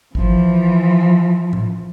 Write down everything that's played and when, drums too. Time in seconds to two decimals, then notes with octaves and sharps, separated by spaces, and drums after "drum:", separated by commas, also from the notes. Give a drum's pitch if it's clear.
0.15 E3 F3, drum: kick G#1
1.53 drum: tom A2